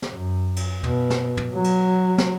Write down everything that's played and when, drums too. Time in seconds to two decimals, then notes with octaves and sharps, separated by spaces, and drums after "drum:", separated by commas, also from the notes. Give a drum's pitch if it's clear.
0.02 drum: snare
0.13 F#2
0.56 drum: cymbal
0.83 B2, drum: tom
1.10 drum: snare
1.37 drum: tom
1.54 F#3
1.64 drum: cymbal
2.18 drum: snare